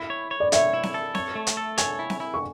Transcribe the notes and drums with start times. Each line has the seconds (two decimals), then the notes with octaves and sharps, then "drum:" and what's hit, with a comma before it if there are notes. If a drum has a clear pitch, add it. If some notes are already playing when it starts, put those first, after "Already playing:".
Already playing: E4 B5
0.10 C#5
0.31 C#5
0.40 D5
0.52 C#5 E5, drum: hi-hat
0.73 E4
0.83 drum: snare C4
0.94 A4
1.15 C#5, drum: snare C4
1.35 A3
1.47 drum: hi-hat
1.57 A4
1.78 C#5 G#5, drum: hi-hat
1.99 E4
2.10 drum: snare C4
2.20 E4
2.34 C#6